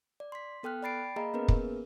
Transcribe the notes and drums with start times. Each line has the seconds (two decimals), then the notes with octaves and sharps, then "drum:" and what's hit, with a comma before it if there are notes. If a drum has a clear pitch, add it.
0.20 D5
0.32 C6 B6
0.63 B3 A4 G5 F6 F#6
0.83 D5 G5 B5 A6 C7 D7
1.16 A#3 G#4 D#5 F5 A#5 B5
1.34 A#3 B3 C#4 G#4 A#4 B4
1.48 drum: kick